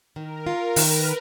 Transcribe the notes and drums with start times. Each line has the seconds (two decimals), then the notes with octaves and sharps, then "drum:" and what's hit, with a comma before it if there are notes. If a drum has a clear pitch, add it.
0.16 D#3 A#4
0.46 F4 A#4
0.76 D#3 B4, drum: open hi-hat